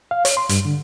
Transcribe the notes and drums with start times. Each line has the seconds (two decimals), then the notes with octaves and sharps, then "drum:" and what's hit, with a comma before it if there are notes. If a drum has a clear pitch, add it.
0.11 F5
0.25 C#5, drum: hi-hat
0.37 C6
0.49 G2, drum: hi-hat
0.65 D3